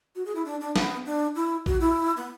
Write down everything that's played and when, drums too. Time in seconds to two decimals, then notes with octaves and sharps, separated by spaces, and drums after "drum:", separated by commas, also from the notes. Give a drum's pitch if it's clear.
0.15 F#4
0.25 G#4
0.35 E4
0.45 D4
0.61 D4
0.76 B3, drum: snare
1.06 D4
1.35 E4
1.66 F#4, drum: kick A#1
1.80 E4
2.17 B3